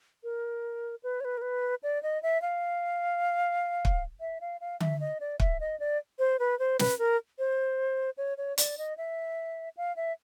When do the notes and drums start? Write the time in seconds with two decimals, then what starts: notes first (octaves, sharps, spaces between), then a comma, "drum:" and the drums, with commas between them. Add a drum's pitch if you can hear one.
0.24 A#4
1.03 B4
1.20 C#5
1.25 B4
1.37 A#4
1.42 B4
1.83 D5
2.03 D#5
2.23 E5
2.42 F5
3.85 drum: kick
4.21 E5
4.41 F5
4.61 F5
4.80 E5, drum: tom D3
5.00 D#5
5.20 D5
5.40 E5, drum: kick
5.60 D#5
5.80 D5
6.19 C5
6.39 B4
6.59 C5
6.79 B4, drum: snare
6.99 A#4
7.39 C5
8.18 C#5
8.38 C#5
8.58 D5, drum: hi-hat
8.78 D#5
8.97 E5
9.77 F5
9.96 E5